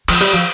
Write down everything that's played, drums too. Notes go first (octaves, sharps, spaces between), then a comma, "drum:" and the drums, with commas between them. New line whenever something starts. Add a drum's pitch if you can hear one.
F3, drum: cymbal
G3
F3